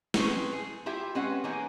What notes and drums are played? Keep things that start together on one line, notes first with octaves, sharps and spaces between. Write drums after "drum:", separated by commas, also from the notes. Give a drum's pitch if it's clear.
A3 C4 C#4 G#4 B4, drum: snare
G#4
E4 F4 G4 E5
G#3 C4 C#4 B4 F#5
E3 A#3 B3 C#4 D#4 G#4